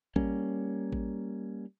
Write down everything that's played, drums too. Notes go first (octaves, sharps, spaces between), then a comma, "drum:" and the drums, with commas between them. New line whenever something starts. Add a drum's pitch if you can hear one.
G3 A#3 C#4, drum: kick A1
drum: kick A1